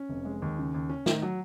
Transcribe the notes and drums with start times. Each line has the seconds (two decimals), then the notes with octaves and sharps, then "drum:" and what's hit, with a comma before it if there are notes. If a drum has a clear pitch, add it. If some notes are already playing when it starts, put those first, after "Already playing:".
Already playing: C#4
0.09 F1
0.25 G#3
0.42 D#2
0.58 C#3
0.74 D#2
0.89 C#4
1.06 D#3, drum: snare
1.22 F#3